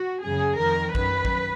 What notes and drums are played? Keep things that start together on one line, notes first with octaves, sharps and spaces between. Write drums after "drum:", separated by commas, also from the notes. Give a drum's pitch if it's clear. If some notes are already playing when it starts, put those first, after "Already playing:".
Already playing: F#4
F#2 C#3 G#4
F2 D#3 A#4
F#2 D#3 B4, drum: kick
drum: kick